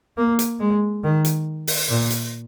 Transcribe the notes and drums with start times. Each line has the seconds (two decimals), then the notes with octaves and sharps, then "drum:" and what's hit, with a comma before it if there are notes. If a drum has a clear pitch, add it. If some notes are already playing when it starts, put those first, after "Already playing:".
0.17 A#3
0.39 drum: hi-hat
0.60 G#3
1.04 D#3
1.25 drum: hi-hat
1.67 drum: open hi-hat
1.89 A#2
2.10 drum: hi-hat